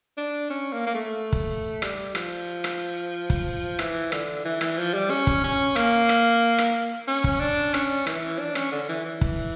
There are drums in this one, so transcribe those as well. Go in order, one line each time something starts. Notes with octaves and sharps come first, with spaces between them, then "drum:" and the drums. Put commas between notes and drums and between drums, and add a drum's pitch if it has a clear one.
D4
C#4
A#3
A#3
A3
drum: kick
G3, drum: rim click
F3, drum: rim click
drum: rim click
drum: kick
E3, drum: rim click
D3, drum: rim click
E3
E3, drum: rim click
F3
G3
C#4
drum: kick
C#4
A#3, drum: rim click
drum: rim click
drum: rim click
C#4
drum: kick
D4
C#4, drum: rim click
E3, drum: rim click
D4
C#4, drum: rim click
D3
E3
E3
drum: kick